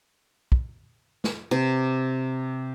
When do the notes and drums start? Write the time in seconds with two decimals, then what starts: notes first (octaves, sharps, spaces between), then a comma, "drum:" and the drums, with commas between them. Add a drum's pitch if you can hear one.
0.52 drum: kick
1.24 drum: snare
1.51 C3